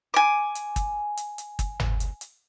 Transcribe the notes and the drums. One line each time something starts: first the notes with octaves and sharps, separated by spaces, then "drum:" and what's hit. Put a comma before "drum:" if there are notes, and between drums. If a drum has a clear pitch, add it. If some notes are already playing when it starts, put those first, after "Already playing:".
G#5 D6
drum: hi-hat
drum: kick, hi-hat
drum: hi-hat
drum: hi-hat
drum: kick, hi-hat
drum: tom
drum: hi-hat
drum: hi-hat